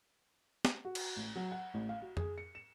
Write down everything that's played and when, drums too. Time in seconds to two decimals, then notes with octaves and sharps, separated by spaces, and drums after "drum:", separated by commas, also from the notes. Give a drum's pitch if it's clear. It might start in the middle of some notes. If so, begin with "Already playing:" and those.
0.65 drum: snare
0.85 F#4
0.95 drum: cymbal
1.16 A1
1.36 F#3
1.52 F#5
1.74 A1
1.89 F5
2.02 F#4
2.17 G#4, drum: tom F2
2.38 C#7
2.55 E7